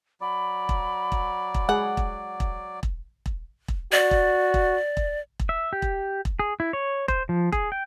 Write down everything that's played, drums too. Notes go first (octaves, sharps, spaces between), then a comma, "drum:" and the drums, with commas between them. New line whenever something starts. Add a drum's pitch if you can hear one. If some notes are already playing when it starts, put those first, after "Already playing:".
F#3 D5 B5
drum: kick E1
drum: kick E1
drum: kick E1
G#3 G#4 F#5
drum: kick E1
drum: kick E1
drum: kick E1
drum: kick E1
drum: kick E1
F#4 D5
drum: kick E1
drum: kick E1
drum: kick E1
drum: kick E1
E5
G4
drum: kick E1
drum: kick E1
G#4
E4
C#5
C5, drum: kick E1
F3
G#4, drum: kick E1
G5